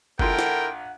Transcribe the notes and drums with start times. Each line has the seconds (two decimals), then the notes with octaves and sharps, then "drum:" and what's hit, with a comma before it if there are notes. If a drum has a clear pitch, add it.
0.19 A#1 E4 F4 A4 A#4 F#5 G5, drum: kick F#1
0.39 drum: snare